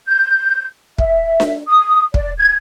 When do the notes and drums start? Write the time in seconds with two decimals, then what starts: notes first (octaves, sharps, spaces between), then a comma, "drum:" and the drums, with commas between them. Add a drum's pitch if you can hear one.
0.07 G6
0.98 E5, drum: kick
1.40 drum: snare D4
1.68 D#6
2.14 D5, drum: kick
2.38 G#6